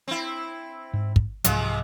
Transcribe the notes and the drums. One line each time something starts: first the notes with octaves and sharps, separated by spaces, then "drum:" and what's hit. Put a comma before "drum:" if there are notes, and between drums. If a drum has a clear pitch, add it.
C4 E4
G#2
drum: kick
C2 G#2 C3 F3 F#3 G#3, drum: hi-hat